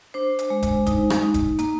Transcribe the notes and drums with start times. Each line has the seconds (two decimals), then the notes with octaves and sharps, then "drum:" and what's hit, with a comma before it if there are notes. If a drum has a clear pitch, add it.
0.14 D4 C5
0.39 drum: hi-hat
0.50 G#3
0.63 drum: kick E1, hi-hat
0.86 D#4, drum: kick E1, hi-hat
1.10 drum: rim click
1.22 D#4
1.34 drum: kick E1, hi-hat
1.59 A#3, drum: hi-hat